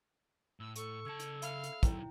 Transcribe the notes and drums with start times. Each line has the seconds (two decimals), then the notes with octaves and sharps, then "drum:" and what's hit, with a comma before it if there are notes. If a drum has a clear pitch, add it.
0.60 A2 E6
0.76 A4 C#6, drum: hi-hat
1.05 C#3 A5 E6 G#6 C#7
1.20 drum: hi-hat
1.42 E5 F5 B5 C7, drum: hi-hat
1.64 drum: hi-hat
1.83 F#3 D#4 E4 G5 A#5, drum: kick, hi-hat